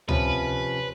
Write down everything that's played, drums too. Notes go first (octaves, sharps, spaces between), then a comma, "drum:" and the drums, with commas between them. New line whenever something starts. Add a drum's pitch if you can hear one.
C3 F3 C#4 B4, drum: tom C#2